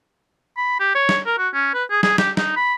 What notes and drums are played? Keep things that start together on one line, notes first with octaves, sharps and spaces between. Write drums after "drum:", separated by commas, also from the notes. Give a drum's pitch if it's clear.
B5
G4
C#5
drum: snare
A#4
F#4
C#4
B4
G#4
G#4, drum: snare
G4, drum: snare
D#4, drum: snare
B5